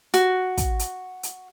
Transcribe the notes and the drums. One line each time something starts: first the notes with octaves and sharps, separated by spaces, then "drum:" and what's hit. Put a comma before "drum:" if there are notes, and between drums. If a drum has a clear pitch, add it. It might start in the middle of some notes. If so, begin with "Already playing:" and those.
F#4, drum: hi-hat
drum: kick, hi-hat
drum: hi-hat
drum: hi-hat